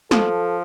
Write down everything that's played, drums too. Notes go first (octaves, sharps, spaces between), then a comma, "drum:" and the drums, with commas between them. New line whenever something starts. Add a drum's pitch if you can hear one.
F3 A4, drum: snare